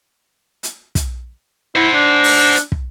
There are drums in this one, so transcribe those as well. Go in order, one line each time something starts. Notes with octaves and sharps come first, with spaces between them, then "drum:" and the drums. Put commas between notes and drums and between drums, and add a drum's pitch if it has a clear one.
drum: hi-hat
drum: kick, hi-hat
E4 C5 F#5
D4
drum: open hi-hat
drum: hi-hat
drum: kick